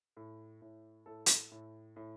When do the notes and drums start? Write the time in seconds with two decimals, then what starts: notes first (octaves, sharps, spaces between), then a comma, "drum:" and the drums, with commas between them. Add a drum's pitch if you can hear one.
0.17 A2
0.62 A2
1.06 A2 A4
1.26 drum: hi-hat
1.51 A2
1.96 A2